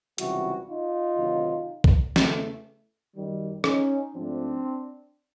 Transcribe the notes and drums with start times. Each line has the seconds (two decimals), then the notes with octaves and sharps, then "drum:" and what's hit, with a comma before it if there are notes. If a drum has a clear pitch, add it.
0.18 C#2 C3 E3 G3 E4 F#4, drum: hi-hat
0.68 D#4 F4
1.17 D2 C3 D#3 F#3
1.84 drum: kick
2.16 E2 C#3 E3 A3, drum: snare
3.15 F#2 D#3 G3
3.64 C#4 D#4, drum: rim click
4.14 G#2 F3 A3 C4 D4